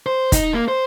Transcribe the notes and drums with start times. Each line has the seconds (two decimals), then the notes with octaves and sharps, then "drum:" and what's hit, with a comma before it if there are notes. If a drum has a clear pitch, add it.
0.06 C5
0.32 D#4, drum: kick, hi-hat
0.54 A#3
0.68 C5